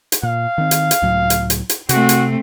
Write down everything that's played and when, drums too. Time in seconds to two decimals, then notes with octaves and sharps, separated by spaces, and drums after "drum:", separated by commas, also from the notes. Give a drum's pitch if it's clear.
0.12 drum: hi-hat
0.23 A#2 F5
0.58 D#3 C4
0.71 drum: hi-hat
0.91 drum: hi-hat
1.02 C#2 A2 F#3
1.30 drum: hi-hat
1.50 drum: hi-hat
1.69 drum: hi-hat
1.89 C3 A3 C4 F#4, drum: hi-hat
2.09 drum: hi-hat